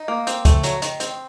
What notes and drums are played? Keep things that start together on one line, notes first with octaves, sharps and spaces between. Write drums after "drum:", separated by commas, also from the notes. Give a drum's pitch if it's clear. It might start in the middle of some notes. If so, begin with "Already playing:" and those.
Already playing: D#4
A#3
C4, drum: hi-hat
A3, drum: kick, hi-hat
F#3, drum: hi-hat
D#3, drum: hi-hat
C4, drum: hi-hat